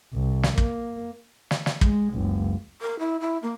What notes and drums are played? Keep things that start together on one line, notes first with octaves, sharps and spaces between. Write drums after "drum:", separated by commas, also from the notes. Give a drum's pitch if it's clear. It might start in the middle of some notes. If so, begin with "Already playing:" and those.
C2
drum: snare
A#3, drum: kick
drum: snare
drum: snare
G#3, drum: kick
F#1 C#2
A#4
E4
E4
A#3